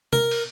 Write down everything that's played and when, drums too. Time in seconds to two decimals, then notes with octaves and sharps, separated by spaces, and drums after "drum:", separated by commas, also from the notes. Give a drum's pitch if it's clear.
0.13 A#4, drum: tom
0.31 drum: open hi-hat